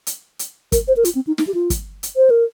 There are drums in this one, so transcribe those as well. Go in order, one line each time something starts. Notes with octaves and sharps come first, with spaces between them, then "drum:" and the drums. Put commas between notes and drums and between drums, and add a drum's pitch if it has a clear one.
drum: hi-hat
drum: hi-hat
A#4, drum: kick, hi-hat
C5
A#4
F4, drum: hi-hat
C4
D#4
D#4, drum: snare
G4
F4
drum: kick, hi-hat
drum: hi-hat
C5
A#4